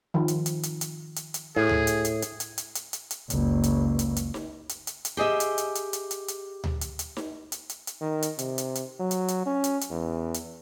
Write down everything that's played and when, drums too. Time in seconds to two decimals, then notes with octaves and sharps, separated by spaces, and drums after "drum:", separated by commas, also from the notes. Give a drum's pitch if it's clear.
0.14 D#3 F3
0.28 drum: hi-hat
0.46 drum: hi-hat
0.63 drum: hi-hat
0.81 drum: hi-hat
1.16 drum: hi-hat
1.34 drum: hi-hat
1.56 A2 G#4
1.69 drum: tom D2
1.87 drum: hi-hat
2.05 drum: hi-hat
2.22 drum: hi-hat
2.40 drum: hi-hat
2.58 drum: hi-hat
2.75 drum: hi-hat
2.93 drum: hi-hat
3.11 drum: hi-hat
3.30 F#1 C#2, drum: hi-hat
3.64 drum: hi-hat
3.99 drum: hi-hat
4.16 drum: hi-hat
4.34 drum: snare D#4
4.69 drum: hi-hat
4.87 drum: hi-hat
5.05 drum: hi-hat
5.17 G4 G#4 D#5 E5
5.40 drum: hi-hat
5.58 drum: hi-hat
5.75 drum: hi-hat
5.93 drum: hi-hat
6.11 drum: hi-hat
6.28 drum: hi-hat
6.64 drum: tom D2
6.81 drum: hi-hat
6.99 drum: hi-hat
7.17 drum: snare D#4
7.52 drum: hi-hat
7.70 drum: hi-hat
7.87 drum: hi-hat
8.01 D#3
8.22 drum: hi-hat
8.39 C3, drum: hi-hat
8.58 drum: hi-hat
8.75 drum: hi-hat
8.99 F#3
9.11 drum: hi-hat
9.28 drum: hi-hat
9.46 C#4
9.64 drum: hi-hat
9.81 drum: hi-hat
9.90 E2
10.34 drum: hi-hat